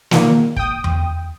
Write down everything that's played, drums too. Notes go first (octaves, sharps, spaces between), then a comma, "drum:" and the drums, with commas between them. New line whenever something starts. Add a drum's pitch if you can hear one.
A#2 D#3 A#3, drum: snare
G5 D#6, drum: kick
drum: tom E2